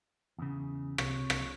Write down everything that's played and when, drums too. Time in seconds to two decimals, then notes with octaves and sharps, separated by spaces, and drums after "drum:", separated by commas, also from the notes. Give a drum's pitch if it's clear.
0.39 E2 C#3
0.98 C3 C4 C#5, drum: rim click
1.30 drum: rim click